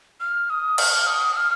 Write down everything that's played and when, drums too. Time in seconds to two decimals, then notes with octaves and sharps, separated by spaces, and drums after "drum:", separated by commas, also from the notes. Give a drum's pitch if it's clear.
0.20 F6
0.50 D#6
0.78 F6, drum: cymbal
1.07 D#6
1.36 F6